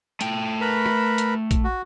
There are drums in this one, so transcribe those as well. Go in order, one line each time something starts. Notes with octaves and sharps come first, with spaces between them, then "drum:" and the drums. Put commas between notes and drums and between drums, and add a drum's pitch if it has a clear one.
A3 G5, drum: hi-hat
A#4 B4 B5
drum: rim click
drum: hi-hat
drum: kick A1, hi-hat
F#4